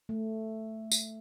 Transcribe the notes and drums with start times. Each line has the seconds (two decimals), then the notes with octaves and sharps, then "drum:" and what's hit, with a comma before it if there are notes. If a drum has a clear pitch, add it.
0.09 A3
0.91 drum: tambourine